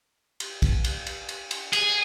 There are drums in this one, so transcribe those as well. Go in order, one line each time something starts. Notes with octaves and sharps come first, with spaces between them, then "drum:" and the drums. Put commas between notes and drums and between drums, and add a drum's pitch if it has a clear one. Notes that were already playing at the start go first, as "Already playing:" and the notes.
drum: cymbal
drum: kick, cymbal
drum: cymbal
drum: cymbal
drum: cymbal
drum: cymbal
G#4, drum: cymbal